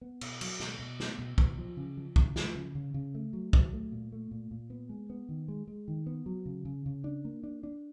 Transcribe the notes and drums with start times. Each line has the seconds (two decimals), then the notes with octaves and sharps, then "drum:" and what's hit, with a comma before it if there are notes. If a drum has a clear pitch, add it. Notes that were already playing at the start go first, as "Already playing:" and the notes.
0.01 B3
0.21 B2, drum: cymbal
0.41 F#3, drum: cymbal
0.60 B2, drum: snare
0.79 B2
1.00 B3, drum: snare
1.19 B2
1.38 B2, drum: kick
1.58 F3
1.77 C#3
1.97 F3
2.16 C#3, drum: kick
2.36 F3, drum: snare
2.55 C#3
2.75 C#3
2.94 C#3
3.15 A3
3.33 F#3
3.53 F#3, drum: kick
3.73 A3
3.92 A#2
4.12 A3
4.31 A#2
4.51 A#2
4.70 B3
4.89 G#3
5.10 B3
5.29 D#3
5.48 G#3
5.67 G#3
5.88 D#3
6.06 B3
6.26 F#3
6.46 C#3
6.65 C#3
6.86 C#3
7.04 D4
7.25 A#3
7.43 D4
7.63 D4